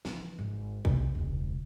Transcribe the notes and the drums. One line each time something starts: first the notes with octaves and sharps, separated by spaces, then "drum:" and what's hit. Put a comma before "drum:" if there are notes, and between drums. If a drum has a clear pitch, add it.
E3 F3, drum: snare
G#1
C3 A#3, drum: kick B1
E1 C#2